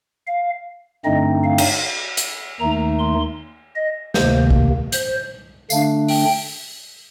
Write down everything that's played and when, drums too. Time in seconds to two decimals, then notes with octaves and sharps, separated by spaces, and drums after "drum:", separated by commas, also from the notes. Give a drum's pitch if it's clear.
0.27 F5
1.05 G2 D3 A3 C4 D#4 D#5
1.44 F5
1.58 drum: cymbal
2.17 drum: hi-hat
2.60 D#2 D#3 A3 D#4 A#5
2.99 C6
3.76 D#5
4.14 D2 C3 D#3 A#3 C5, drum: snare
4.51 drum: kick B1
4.92 C5, drum: hi-hat
5.70 D3 A3 D4 F5, drum: tambourine
6.08 G5, drum: open hi-hat